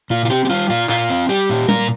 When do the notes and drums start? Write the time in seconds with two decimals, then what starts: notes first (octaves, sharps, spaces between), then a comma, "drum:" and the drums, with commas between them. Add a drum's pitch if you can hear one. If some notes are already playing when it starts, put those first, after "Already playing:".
0.10 A#2 F4
0.25 F4
0.30 C4 G4
0.45 G4
0.49 G3 F4
0.70 A#2 F4
0.89 A#2 F4, drum: clap
1.10 C4
1.29 G3 G4
1.49 A#2
1.69 A#2 A#4, drum: tom G3